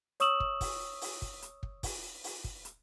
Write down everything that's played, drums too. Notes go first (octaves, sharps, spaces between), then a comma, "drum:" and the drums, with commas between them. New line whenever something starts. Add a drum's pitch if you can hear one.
C#5 C#6 D#6 E6 E7 F#7, drum: hi-hat
drum: kick
drum: kick, open hi-hat
drum: open hi-hat
drum: kick
drum: hi-hat
drum: kick
drum: kick, open hi-hat
drum: open hi-hat
drum: kick
drum: hi-hat